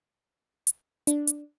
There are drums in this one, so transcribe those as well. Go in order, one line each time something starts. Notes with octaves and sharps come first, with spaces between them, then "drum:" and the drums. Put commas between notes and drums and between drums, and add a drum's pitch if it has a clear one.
drum: hi-hat
D4, drum: hi-hat
drum: hi-hat